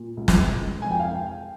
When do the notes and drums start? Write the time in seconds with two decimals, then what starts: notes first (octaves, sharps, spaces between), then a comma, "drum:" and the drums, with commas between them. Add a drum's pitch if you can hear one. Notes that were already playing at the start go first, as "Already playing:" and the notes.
Already playing: A#2
0.17 C#2
0.28 drum: snare
0.49 C#2
0.82 F2 G#5
0.91 G5
0.99 F5
1.09 G5